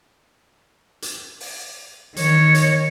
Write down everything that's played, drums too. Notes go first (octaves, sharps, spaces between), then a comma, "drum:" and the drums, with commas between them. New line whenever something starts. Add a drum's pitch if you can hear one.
drum: hi-hat
drum: open hi-hat
D#3 C#5, drum: hi-hat
drum: hi-hat